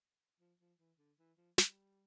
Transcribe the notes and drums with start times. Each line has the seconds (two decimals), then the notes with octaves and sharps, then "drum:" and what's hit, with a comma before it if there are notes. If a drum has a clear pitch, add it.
0.40 F3
0.60 F3
0.79 E3
0.99 D3
1.19 E3
1.37 F3
1.58 G3, drum: snare